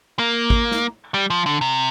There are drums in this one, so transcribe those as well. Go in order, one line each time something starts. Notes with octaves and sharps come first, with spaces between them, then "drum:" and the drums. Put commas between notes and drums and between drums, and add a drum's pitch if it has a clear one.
A#3
drum: kick
drum: snare
G3
F3
D3
C3